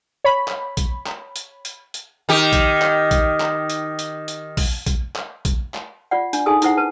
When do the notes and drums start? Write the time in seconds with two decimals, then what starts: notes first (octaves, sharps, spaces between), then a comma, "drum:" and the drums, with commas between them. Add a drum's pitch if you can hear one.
0.24 C#5 B5
0.48 drum: clap
0.77 drum: kick A#1, hi-hat
1.06 drum: clap
1.36 drum: hi-hat
1.65 drum: hi-hat
1.94 drum: hi-hat
2.29 D#3 G4
2.53 drum: kick A#1, hi-hat
2.82 drum: clap
3.11 drum: kick A#1, hi-hat
3.40 drum: clap
3.70 drum: hi-hat
3.99 drum: hi-hat
4.28 drum: hi-hat
4.57 drum: kick A#1, open hi-hat
4.86 drum: kick A#1, hi-hat
5.16 drum: clap
5.45 drum: kick A#1, hi-hat
5.74 drum: clap
6.11 F4 D5 F#5
6.33 D4, drum: hi-hat
6.46 D#4 G#4 A4 G#5 D#6
6.62 D#4 E4 C5 F#5, drum: hi-hat
6.77 B4 A5